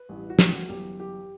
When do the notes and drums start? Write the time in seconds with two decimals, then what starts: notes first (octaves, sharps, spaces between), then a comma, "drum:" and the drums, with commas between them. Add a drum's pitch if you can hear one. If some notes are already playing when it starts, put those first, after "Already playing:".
Already playing: B4
0.09 A1 G2 E3
0.30 F#4
0.39 G4, drum: snare
0.54 F#4
0.68 G1 F#2 E3 G4
1.00 G4